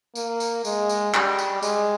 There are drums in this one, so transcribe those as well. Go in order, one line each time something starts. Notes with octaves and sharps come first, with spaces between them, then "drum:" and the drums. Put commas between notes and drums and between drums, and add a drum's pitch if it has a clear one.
A#3, drum: tambourine
drum: tambourine
G#3, drum: tambourine
drum: tambourine
G3, drum: clap
drum: tambourine
G#3, drum: tambourine